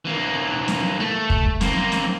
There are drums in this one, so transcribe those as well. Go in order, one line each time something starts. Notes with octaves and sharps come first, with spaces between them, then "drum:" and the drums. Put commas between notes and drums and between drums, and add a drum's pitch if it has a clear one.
E3 A#3
drum: snare
A3
drum: kick
A#3 C4, drum: snare
drum: snare